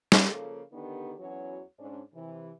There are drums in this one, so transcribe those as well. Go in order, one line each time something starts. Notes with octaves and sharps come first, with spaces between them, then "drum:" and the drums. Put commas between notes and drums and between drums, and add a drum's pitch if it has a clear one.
drum: snare
C#3 F3 A#3 A4
D3 D#3 B3 D4 G4
E2 E3 F#3 C#4 F#4 C#5
G#2 C#4 D4
C3 E3